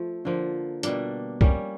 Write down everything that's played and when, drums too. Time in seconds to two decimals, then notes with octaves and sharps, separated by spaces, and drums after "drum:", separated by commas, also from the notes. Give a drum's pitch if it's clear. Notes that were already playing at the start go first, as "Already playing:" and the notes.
Already playing: F3 A3
0.25 D3 F3 A#3
0.83 B2 G3 A#3 D4, drum: hi-hat
1.41 G3 A#3 C#4, drum: kick C2